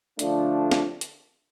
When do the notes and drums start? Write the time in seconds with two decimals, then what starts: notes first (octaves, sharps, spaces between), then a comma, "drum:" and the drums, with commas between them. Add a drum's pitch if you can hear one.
0.19 D3 F3 A3 D4, drum: hi-hat
0.72 drum: snare
1.01 drum: hi-hat